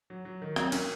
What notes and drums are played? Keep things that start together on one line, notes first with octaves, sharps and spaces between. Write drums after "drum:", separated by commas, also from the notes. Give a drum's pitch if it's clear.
F#3
F#3
D#3
F#3 C4, drum: rim click
A#3 C#4, drum: cymbal